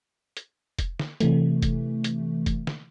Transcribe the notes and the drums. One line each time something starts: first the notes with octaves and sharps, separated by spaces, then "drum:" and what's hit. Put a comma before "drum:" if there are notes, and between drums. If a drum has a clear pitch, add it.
drum: hi-hat
drum: kick F1, hi-hat
drum: snare
C3 E3 A3, drum: hi-hat
drum: kick F1, hi-hat
drum: hi-hat
drum: kick F1, hi-hat
drum: snare